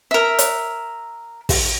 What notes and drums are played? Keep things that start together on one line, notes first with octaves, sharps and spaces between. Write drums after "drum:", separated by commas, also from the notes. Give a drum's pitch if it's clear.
A#4 E5
drum: hi-hat
drum: kick, open hi-hat